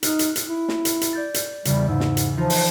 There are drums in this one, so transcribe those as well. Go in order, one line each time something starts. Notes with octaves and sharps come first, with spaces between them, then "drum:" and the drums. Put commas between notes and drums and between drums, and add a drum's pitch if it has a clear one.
D#4 F6 F#6, drum: hi-hat
drum: hi-hat
drum: hi-hat
E4
drum: snare
drum: hi-hat
drum: hi-hat
D5 G6 A6
drum: hi-hat
E2 C#3 G3, drum: hi-hat
G#2 C#3 E6
drum: snare
drum: hi-hat
E3 F3 D#4 F4
drum: open hi-hat